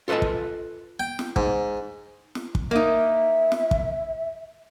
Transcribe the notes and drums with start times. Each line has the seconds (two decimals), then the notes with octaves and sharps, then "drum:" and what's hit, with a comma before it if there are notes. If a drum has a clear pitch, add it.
0.08 F4 A4 B4 D#5 A5
0.22 drum: kick
1.00 G5
1.19 drum: snare
1.36 G#2, drum: kick
2.35 drum: snare
2.55 drum: kick
2.71 A#3 D#4 E5
3.52 drum: snare
3.71 drum: kick